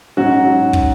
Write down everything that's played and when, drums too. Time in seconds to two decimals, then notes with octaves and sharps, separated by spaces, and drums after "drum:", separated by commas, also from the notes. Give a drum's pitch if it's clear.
0.17 G#2 F#3 C#4 F#4
0.73 drum: kick